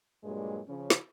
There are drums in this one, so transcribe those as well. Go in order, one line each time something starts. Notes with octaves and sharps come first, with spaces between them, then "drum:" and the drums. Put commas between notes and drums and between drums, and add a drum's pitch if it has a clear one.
G2 A#2 F#3 G#3
C#3 F3 C#4
drum: snare